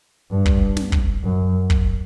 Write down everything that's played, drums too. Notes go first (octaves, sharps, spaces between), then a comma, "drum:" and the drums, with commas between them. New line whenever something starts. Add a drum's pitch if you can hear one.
G2
drum: kick
drum: snare
drum: kick
F#2
drum: kick